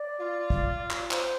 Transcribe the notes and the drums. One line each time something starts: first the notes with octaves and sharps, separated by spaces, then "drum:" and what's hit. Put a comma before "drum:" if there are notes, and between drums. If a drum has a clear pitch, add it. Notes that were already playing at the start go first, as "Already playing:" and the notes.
Already playing: D5
F4
drum: kick
drum: clap
C5, drum: clap